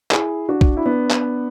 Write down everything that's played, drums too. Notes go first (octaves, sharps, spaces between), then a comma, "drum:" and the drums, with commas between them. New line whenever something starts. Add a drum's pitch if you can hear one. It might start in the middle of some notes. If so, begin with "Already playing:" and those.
E4 G#4, drum: clap
D4 F#4
drum: kick A#1
E4
B3 D4
drum: clap